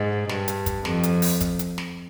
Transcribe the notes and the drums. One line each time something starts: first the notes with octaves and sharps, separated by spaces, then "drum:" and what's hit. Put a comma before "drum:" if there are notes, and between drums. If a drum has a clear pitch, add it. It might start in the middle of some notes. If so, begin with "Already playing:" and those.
Already playing: G#2
G2, drum: snare
drum: hi-hat
drum: kick, hi-hat
F2, drum: snare
drum: hi-hat
drum: open hi-hat
drum: kick, hi-hat
drum: hi-hat
drum: snare